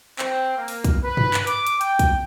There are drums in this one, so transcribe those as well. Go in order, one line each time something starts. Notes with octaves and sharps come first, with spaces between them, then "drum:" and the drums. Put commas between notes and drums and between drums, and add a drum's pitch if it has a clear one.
C4, drum: clap
A#3
drum: open hi-hat
drum: kick, hi-hat
B4
drum: tom G2
drum: clap
D6, drum: hi-hat
drum: hi-hat
G5, drum: hi-hat
drum: kick, hi-hat